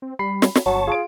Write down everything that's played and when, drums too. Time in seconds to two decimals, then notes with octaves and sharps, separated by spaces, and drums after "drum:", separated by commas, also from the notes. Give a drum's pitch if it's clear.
0.02 C4
0.19 G3 B5 C7
0.42 drum: snare
0.55 drum: snare
0.66 G1 F#3 C#5 A5
0.87 F4 G#4 D7